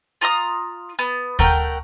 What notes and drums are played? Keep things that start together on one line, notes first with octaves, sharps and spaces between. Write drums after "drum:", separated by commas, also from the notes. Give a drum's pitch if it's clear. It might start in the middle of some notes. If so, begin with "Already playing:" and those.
F4 A#5 C6 D#6
B3
A3 A#4 F#5 G5, drum: kick